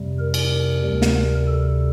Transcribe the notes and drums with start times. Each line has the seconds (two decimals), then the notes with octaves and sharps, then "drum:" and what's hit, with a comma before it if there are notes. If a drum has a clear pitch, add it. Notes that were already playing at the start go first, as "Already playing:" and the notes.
Already playing: F2 C3 G3
0.19 A#4
0.34 drum: cymbal
0.84 D2 C3 G3
1.02 drum: snare
1.48 A4